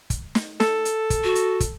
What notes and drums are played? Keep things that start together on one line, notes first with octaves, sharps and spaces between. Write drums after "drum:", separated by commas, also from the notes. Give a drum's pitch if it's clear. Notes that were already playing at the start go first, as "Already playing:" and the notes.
drum: kick, hi-hat
drum: snare
A4, drum: snare
drum: hi-hat
drum: kick, hi-hat
F#4
drum: hi-hat
drum: kick, hi-hat